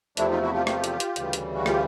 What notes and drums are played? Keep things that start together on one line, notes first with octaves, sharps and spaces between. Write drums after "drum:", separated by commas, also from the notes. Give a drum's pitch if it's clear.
E2 C3 F3 A3 D4 E4, drum: hi-hat
D#4 F4
E4 F#4
F4 G4
F4 G4, drum: rim click
drum: hi-hat
drum: hi-hat
D2 C#3 E3 G3, drum: hi-hat
drum: hi-hat
F#4
F4 G4, drum: rim click